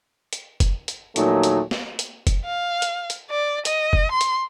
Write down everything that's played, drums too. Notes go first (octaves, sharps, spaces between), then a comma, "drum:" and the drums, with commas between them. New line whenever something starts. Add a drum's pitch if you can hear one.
drum: hi-hat
drum: kick F#1, hi-hat
drum: hi-hat
A#1 D#2 A#2 F#3 A3 D#4, drum: hi-hat
drum: hi-hat
drum: snare
drum: hi-hat
drum: kick F#1, hi-hat
F5
drum: hi-hat
drum: hi-hat
D5
D#5, drum: hi-hat
drum: kick F#1
C6
drum: hi-hat